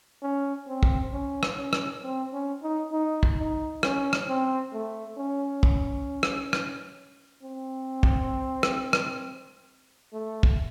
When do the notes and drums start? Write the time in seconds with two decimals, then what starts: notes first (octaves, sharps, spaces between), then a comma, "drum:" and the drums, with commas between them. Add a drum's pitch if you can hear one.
0.22 C#4
0.68 C4
0.83 drum: kick
1.13 C#4
1.43 drum: rim click
1.57 C#4
1.73 drum: rim click
2.03 C4
2.33 C#4
2.62 D#4
2.92 D#4
3.23 drum: kick
3.38 D#4
3.83 C#4, drum: rim click
4.13 drum: rim click
4.27 C4
4.73 A3
5.18 C#4
5.63 drum: kick
6.23 drum: rim click
6.53 drum: rim click
7.43 C4
8.03 drum: kick
8.63 drum: rim click
8.93 drum: rim click
10.13 A3
10.43 drum: kick